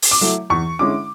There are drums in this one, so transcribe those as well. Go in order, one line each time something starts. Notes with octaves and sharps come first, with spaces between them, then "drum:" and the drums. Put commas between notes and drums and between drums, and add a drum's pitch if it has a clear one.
drum: open hi-hat
D6
F#3 A3 E4
E2 C#6
D3 G#3 C#4 E4 D6